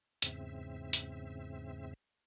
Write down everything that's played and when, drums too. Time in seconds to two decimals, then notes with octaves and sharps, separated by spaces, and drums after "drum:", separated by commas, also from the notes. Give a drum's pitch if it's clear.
0.22 E2 G#2 C#3 C4 E5, drum: hi-hat
0.93 drum: hi-hat